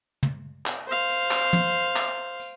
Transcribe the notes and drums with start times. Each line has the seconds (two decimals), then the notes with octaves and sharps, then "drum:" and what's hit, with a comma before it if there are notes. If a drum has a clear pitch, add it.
0.23 drum: tom
0.66 drum: clap
0.88 C5 F5
1.10 drum: tambourine
1.31 drum: clap
1.53 drum: tom
1.96 drum: clap
2.40 drum: tambourine